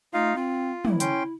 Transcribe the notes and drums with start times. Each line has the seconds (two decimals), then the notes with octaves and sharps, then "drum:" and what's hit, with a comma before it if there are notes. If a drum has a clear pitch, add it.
0.14 A3 D#4 F4 F5
0.36 C4 F4
0.85 E4, drum: tom
1.00 C#4 G5 C6, drum: hi-hat